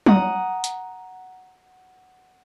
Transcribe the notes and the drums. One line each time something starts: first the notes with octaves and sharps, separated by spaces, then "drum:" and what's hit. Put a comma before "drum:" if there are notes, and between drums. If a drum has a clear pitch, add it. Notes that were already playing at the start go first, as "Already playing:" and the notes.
F#5 A#5 D#6, drum: tom F#3
drum: hi-hat